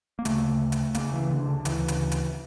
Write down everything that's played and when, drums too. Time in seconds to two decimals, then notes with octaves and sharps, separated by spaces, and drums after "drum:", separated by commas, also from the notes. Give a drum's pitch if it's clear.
0.19 A#3
0.25 D2 C#3 A3, drum: hi-hat
0.72 drum: hi-hat
0.95 C#2 C#3 A#3, drum: hi-hat
1.13 E3
1.31 D3
1.48 D3
1.65 D2 C#3 E3, drum: hi-hat
1.88 drum: hi-hat
2.12 drum: hi-hat